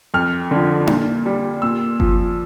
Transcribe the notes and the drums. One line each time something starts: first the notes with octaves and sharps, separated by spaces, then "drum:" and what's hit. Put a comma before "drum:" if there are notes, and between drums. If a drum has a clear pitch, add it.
F2 F6
D3 F3
A#2, drum: tom D4
G3
A#2 E6
F3, drum: kick G1